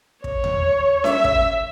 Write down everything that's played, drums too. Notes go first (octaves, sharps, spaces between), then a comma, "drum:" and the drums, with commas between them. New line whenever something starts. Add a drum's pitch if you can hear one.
C#5, drum: kick
drum: tom D#2
E5, drum: snare C#4
drum: kick